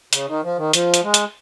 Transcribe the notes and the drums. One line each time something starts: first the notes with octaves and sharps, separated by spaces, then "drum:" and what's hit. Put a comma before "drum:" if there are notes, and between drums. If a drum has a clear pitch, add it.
C#3, drum: hi-hat
D#3
F3
D#3
F3, drum: hi-hat
drum: hi-hat
G#3
drum: hi-hat